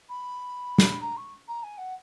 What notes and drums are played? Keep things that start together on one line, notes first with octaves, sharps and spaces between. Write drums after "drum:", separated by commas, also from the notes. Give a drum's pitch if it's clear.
B5
drum: snare
A#5
C#6
A#5
G#5
F#5